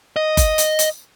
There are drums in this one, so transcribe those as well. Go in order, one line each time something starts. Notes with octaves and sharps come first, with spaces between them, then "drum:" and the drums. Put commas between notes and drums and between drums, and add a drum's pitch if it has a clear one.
D#5
drum: kick F#1, hi-hat
drum: hi-hat
drum: hi-hat